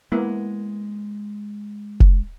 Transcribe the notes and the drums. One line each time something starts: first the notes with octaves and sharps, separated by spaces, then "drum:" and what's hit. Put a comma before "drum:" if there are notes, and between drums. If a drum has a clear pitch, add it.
G#3 A#3 B3 E4
drum: kick F1